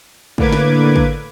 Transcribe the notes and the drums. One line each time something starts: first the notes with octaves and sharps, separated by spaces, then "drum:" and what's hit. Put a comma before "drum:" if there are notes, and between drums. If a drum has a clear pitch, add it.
A2 D3 A#3 B4 D6 G#6, drum: kick
drum: snare
drum: kick